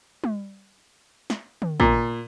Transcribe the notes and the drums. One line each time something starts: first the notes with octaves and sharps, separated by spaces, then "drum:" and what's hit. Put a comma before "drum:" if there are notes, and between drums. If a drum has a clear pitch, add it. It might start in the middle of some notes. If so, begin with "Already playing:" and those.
drum: tom
drum: snare
drum: tom D3
A#2, drum: kick